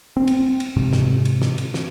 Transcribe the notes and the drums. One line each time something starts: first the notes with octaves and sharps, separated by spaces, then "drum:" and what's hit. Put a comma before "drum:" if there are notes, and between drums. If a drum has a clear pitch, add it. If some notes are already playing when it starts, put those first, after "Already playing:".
C4
drum: cymbal
drum: cymbal
G#2 C3
drum: snare
drum: cymbal
drum: snare
drum: cymbal
drum: snare